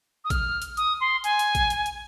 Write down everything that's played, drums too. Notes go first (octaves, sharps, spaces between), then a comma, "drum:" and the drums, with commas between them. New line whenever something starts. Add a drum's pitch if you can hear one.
D#6
F6, drum: kick A1, hi-hat
drum: hi-hat
D#6, drum: hi-hat
C6
G#5, drum: hi-hat
drum: hi-hat
drum: kick A1, hi-hat
drum: hi-hat
drum: hi-hat